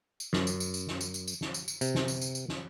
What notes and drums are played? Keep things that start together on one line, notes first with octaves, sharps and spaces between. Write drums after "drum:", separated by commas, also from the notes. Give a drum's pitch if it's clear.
drum: tambourine
F#2, drum: snare
drum: tambourine
drum: tambourine
drum: tambourine
drum: snare
drum: tambourine
drum: tambourine
drum: tambourine
drum: snare
drum: tambourine
drum: tambourine
C3, drum: tambourine
drum: snare
drum: tambourine
drum: tambourine
drum: tambourine
drum: snare